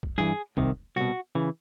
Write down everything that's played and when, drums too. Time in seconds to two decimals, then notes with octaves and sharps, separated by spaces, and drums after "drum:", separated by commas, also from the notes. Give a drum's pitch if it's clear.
0.03 drum: kick
0.18 G2 E3 G#4
0.57 C2 C3 D#3, drum: kick
0.96 C2 B2 F#4
1.35 C#3 E3